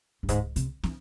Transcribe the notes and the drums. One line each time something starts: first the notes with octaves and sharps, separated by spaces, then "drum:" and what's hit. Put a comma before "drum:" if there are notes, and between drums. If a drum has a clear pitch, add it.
G2
G#2, drum: kick C#2, hi-hat
C3, drum: hi-hat
E3, drum: snare